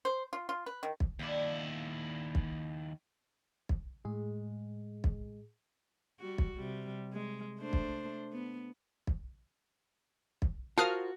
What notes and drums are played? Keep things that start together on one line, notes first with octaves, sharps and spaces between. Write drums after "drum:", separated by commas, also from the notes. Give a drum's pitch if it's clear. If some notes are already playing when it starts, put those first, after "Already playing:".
C5
F4
F4
B4
D#3
drum: kick
D#2 D4 E4 F5 G5
drum: kick
drum: kick
A2 G#3 G#4
drum: kick
G3 F#4
drum: kick
C3 G3
G#3
A3 D4 C5
drum: kick
B3
drum: kick
drum: kick
F4 F#4 A#4 C5 F5 A5 D#6 F6